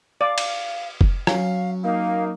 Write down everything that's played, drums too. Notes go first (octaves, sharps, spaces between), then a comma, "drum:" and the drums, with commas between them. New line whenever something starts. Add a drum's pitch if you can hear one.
D5 F5
drum: cymbal
drum: kick F1
F#3 C#4 F5, drum: rim click
A#3 D#4 F5